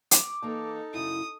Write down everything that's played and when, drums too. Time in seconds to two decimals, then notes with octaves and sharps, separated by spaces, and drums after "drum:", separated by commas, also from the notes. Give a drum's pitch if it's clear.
0.11 D6, drum: hi-hat
0.42 E3 A#3 D#4 A4 A5
0.94 F#2 C#3 E4 D#6